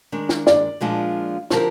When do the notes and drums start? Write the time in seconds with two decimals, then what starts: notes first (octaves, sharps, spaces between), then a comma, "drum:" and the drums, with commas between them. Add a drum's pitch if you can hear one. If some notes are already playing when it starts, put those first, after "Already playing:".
0.12 D#3 G#3 D4
0.29 drum: snare
0.47 D5, drum: snare
0.81 A#2 F3 G#3 D4 F4
1.50 D3 F3 C4 G4 A#4, drum: snare